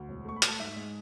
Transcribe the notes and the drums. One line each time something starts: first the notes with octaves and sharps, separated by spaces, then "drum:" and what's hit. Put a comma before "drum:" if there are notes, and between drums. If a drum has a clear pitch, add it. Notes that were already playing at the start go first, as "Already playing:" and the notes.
Already playing: D2
E1
A3 C#6
B5
A3, drum: hi-hat
A5
G#2 E5
G#3